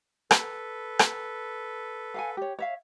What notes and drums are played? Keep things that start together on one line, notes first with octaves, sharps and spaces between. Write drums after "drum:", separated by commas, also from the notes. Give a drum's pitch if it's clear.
A4 B4 B5, drum: rim click
drum: rim click
F5 F#5 G#5
G4 C#5
C#5 E5 F5